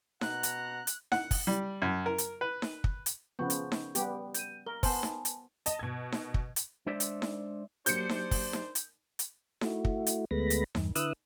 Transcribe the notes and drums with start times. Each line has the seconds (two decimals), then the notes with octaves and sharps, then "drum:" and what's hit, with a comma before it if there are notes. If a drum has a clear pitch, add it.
0.21 B2 F#5 A#5 F#6, drum: snare D#4
0.43 drum: hi-hat
0.87 drum: hi-hat
1.12 F#5, drum: snare D#4
1.31 drum: kick, open hi-hat
1.47 G3
1.82 F#2
2.06 A#4
2.18 drum: hi-hat
2.41 B4
2.62 drum: snare D#4
2.84 drum: kick
3.06 drum: hi-hat
3.39 C#3 F3 B3 C#6 G6
3.50 drum: hi-hat
3.72 drum: snare D#4
3.95 G3 B3 G4, drum: hi-hat
4.34 G6 D#7, drum: hi-hat
4.66 A#4 G7
4.83 B3 C5 G#5 A5, drum: kick, open hi-hat
5.03 drum: snare D#4
5.25 drum: hi-hat
5.66 D#5 A5, drum: hi-hat
5.79 B2 G#6
6.12 drum: snare D#4
6.34 drum: kick
6.56 drum: hi-hat
6.86 G#3 D4 C5 D5 E5
7.00 drum: hi-hat
7.22 drum: snare D#4
7.86 F#3 A#3 D4 G4 C5 G6 C#7, drum: hi-hat
8.09 drum: snare D#4
8.31 drum: kick, open hi-hat
8.53 drum: snare D#4
8.75 drum: hi-hat
9.19 drum: hi-hat
9.61 A3 E4 F#4, drum: snare D#4
9.85 drum: kick
10.06 drum: hi-hat
10.31 D2 G#3 A3 B3 B5 A#6
10.50 drum: hi-hat
10.75 E2 G2, drum: snare D#4
10.95 D3 E4 B4 D#6 E6 F#6, drum: hi-hat